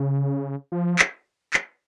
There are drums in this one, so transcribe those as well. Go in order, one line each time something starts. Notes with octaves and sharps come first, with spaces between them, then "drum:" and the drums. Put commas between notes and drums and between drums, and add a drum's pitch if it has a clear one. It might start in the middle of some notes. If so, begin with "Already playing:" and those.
Already playing: C#3
F3
drum: clap
drum: clap